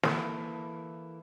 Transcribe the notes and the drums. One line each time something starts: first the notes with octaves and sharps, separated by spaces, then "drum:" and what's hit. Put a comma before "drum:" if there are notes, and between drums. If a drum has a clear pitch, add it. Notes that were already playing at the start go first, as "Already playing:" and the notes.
E3 A#3 E4 A4, drum: snare